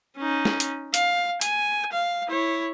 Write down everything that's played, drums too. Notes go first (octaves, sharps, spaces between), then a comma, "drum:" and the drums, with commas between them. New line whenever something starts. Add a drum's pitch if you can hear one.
C#4 D#4
drum: snare
drum: hi-hat
F5, drum: hi-hat
G#5, drum: hi-hat
F5
E4 C#5